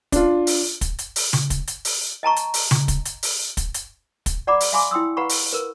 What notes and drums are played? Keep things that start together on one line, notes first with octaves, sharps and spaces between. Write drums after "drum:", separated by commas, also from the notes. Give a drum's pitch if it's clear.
D4 F4, drum: kick, hi-hat
drum: open hi-hat
drum: kick, hi-hat
drum: hi-hat
drum: open hi-hat
drum: tom C#3
drum: kick, hi-hat
drum: hi-hat
drum: open hi-hat
D#5 A5 A#5 C#6
drum: hi-hat
drum: open hi-hat
drum: tom C#3
drum: kick, hi-hat
drum: hi-hat
drum: open hi-hat
drum: kick, hi-hat
drum: hi-hat
drum: kick, hi-hat
D5 F#5 A#5 B5 D6
drum: open hi-hat
E5 F5 G#5 B5 C6 D6
E4 G5 C6 D#6 E6
B4 F5 F#5 A#5 B5 C#6
drum: open hi-hat
A#4 B4